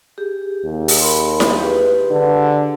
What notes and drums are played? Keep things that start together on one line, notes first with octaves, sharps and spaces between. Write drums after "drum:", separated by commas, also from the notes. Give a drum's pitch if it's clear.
G4 G#4
D#2
drum: open hi-hat
A#4 B5 C6
drum: snare E4
G4 G#4 B4
D3